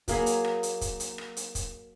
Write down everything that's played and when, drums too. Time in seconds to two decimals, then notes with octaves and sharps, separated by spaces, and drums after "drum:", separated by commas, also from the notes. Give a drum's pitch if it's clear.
0.08 F#3 A#3 G#4 B5, drum: kick, hi-hat
0.26 drum: hi-hat
0.45 drum: rim click
0.63 drum: hi-hat
0.81 drum: kick, hi-hat
1.00 drum: hi-hat
1.18 drum: rim click
1.37 drum: hi-hat
1.55 drum: kick, hi-hat